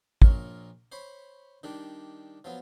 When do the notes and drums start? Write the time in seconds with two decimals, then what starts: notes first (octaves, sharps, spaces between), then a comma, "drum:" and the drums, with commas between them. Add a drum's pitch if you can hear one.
0.22 A#1 A#2 A#4 C#5, drum: kick
0.92 C5 C#5 B5
1.63 D#3 G3 D4
2.44 F3 F#3 B3